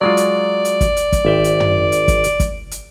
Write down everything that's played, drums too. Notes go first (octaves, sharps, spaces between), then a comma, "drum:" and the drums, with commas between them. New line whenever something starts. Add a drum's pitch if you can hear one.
F#3 G#3 F4 D5
drum: hi-hat
drum: hi-hat
drum: kick, hi-hat
drum: hi-hat
drum: kick, hi-hat
G#1 E5 G5
drum: hi-hat
drum: tom
drum: hi-hat
drum: kick, hi-hat
drum: hi-hat
drum: kick, hi-hat
drum: hi-hat